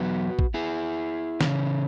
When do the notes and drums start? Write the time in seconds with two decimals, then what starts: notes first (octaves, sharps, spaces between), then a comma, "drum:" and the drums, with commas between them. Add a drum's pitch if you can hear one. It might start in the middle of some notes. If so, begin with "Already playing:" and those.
Already playing: E2 F#3 B3 F#4 B4
0.39 drum: kick
0.54 E4 G#4
1.41 C#3 E3 C#4, drum: snare